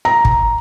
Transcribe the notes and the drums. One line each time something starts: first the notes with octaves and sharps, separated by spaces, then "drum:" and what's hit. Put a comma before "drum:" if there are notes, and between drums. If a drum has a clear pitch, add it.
A#5
drum: kick